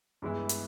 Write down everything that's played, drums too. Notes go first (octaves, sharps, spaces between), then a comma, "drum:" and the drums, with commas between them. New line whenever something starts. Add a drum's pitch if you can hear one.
G2 E3 G#3 B3 E4
drum: hi-hat